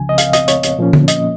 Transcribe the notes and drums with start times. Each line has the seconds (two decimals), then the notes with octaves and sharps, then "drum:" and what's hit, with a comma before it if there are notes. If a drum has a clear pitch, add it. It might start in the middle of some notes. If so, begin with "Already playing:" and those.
Already playing: C#2 C#3 F3 G#5
0.09 D#5
0.18 F5, drum: hi-hat
0.33 D#5, drum: hi-hat
0.48 C#5, drum: hi-hat
0.63 drum: hi-hat
0.79 A#2 F3 A#3 C#4
0.93 drum: tom D3
1.08 D#5, drum: hi-hat